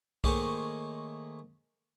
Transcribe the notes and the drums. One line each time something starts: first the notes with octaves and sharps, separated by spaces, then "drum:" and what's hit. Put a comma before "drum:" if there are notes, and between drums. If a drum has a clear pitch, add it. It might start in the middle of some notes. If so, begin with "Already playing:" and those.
D#3 A3 A#3 G#4 C5 C#5, drum: kick B1